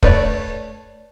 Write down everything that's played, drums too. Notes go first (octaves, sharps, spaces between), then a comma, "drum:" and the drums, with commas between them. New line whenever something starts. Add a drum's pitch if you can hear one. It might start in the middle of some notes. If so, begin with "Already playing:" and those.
A3 B4 C#5 D5, drum: kick